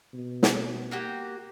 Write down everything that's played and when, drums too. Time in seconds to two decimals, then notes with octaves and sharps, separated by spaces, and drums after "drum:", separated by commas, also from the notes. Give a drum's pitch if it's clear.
0.14 B2
0.43 drum: snare
0.91 A#3 F#4 G4